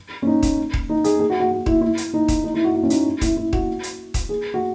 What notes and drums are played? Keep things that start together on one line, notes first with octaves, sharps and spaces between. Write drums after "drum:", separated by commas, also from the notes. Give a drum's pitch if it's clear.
C#4
D#4
drum: kick D#1, hi-hat
drum: kick D#1
D#4
G#4, drum: hi-hat
G#4
F#4
F#4
F#4
E4, drum: kick D#1
E4
drum: hi-hat
D#4
drum: kick D#1, hi-hat
D#4
E4
F#4
F#4
C#4
D#4, drum: hi-hat
E4, drum: kick D#1, hi-hat
E4
F#4, drum: kick D#1
drum: hi-hat
drum: kick D#1, hi-hat
G#4
F#4